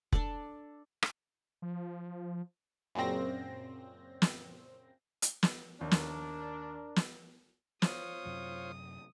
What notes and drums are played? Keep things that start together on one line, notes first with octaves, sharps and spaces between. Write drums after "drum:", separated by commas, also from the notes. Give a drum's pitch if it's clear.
D4 A4 D5, drum: kick F1
drum: rim click
F3
F#2 A#2 C#3 C4 A#6
drum: snare
drum: hi-hat
drum: snare
D#2 D4 A#4
drum: snare
drum: snare
F4 C5 C#5 D#6, drum: snare
F#2 C3 F#3